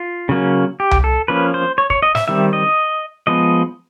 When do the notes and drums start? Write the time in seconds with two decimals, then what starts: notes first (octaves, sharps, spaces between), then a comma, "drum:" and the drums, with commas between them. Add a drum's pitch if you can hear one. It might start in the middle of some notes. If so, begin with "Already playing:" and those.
Already playing: F4
0.29 C#3 F#3 A#3 C#4
0.80 G4
0.91 drum: tom C2
1.04 A4
1.28 F3 A#3 C#4 B4
1.54 C5
1.78 C#5
1.90 C#5, drum: kick
2.02 D#5
2.15 E5, drum: snare
2.28 D#3 G3 C4 E5
2.53 D#5
3.27 F3 G#3 B3 D#5